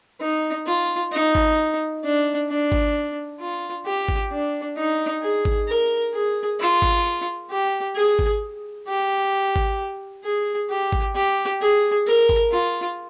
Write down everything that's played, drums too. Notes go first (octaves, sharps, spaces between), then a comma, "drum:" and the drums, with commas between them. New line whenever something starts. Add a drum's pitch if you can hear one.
D#4
F4
D#4
drum: kick G#1
D4
D4
drum: kick G#1
F4
G4
drum: kick G#1
D4
D#4
G#4
drum: kick G#1
A#4
G#4
F4
drum: kick G#1
G4
G#4
drum: kick G#1
G4
drum: kick G#1
G#4
G4
drum: kick G#1
G4
G#4
A#4
drum: kick G#1
F4